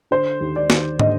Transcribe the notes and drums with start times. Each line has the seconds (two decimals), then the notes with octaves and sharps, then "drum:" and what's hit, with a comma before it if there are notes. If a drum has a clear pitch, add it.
0.11 D3 C5
0.41 D#2
0.56 D5
0.70 D#2, drum: snare
0.99 D3 D#5, drum: tom